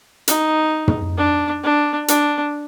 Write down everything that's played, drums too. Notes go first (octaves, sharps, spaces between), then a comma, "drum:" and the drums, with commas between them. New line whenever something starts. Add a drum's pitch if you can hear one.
D#4, drum: hi-hat
drum: tom
D4
D4
D4, drum: hi-hat